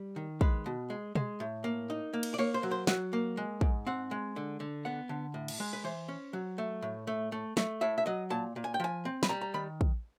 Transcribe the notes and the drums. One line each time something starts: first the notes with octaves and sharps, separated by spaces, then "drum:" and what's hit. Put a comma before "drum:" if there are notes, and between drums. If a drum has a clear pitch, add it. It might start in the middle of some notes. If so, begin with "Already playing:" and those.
Already playing: G3
D#3
G#3 B4, drum: kick
B2
G#3
G#3, drum: tom
A2
A#3
D#4
A#3
drum: cymbal
D5
A#3 C#5
C5
F#3
C5
F#3 F#5, drum: snare
A#3
G#3
G#2, drum: kick
C4 F#5
G#3
D3
D3
B3 F#5
D3
A2
drum: cymbal
G#3
B4
E3 C5
C#4
F#3
A3
A2
A3
A3
A3, drum: snare
A2 E5
E5
F#3 D#5
A#2 A5
A#2
G#5
G5
F3 G#5
C4
B5, drum: snare
G3 A#5
A#5
D#3 B5
drum: kick